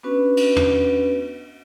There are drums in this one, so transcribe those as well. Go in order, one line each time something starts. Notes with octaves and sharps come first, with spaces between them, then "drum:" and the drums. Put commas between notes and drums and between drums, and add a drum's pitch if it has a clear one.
B3 C#4 D4 F#4 B4
drum: cymbal
drum: tom